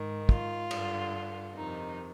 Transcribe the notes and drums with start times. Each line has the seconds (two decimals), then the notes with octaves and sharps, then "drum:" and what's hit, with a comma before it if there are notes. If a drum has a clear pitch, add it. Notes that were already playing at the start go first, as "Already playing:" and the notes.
Already playing: G#2 D#3
0.29 F4, drum: kick
0.71 G2 D3, drum: cymbal
1.55 F2 C3 D#3 D#4